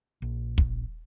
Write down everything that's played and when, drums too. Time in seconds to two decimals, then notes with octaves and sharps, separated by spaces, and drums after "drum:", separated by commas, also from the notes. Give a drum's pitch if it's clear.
0.22 A#1
0.58 drum: kick